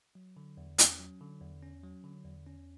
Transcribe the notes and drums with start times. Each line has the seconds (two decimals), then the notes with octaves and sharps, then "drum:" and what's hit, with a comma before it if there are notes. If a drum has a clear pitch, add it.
0.15 F#3
0.37 D3
0.57 E2
0.78 C#4, drum: hi-hat
0.99 F#3
1.21 D3
1.42 E2
1.62 C#4
1.83 F#3
2.04 D3
2.25 E2
2.47 C#4